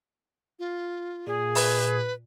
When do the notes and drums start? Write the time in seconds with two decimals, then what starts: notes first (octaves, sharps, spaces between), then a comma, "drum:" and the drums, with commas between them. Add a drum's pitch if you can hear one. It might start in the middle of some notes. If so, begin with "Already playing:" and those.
0.59 F4
1.27 A#2 G#4
1.55 B4, drum: open hi-hat